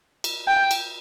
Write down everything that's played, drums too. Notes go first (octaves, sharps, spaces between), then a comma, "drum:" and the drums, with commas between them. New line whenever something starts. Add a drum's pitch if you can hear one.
drum: cymbal
G5
drum: cymbal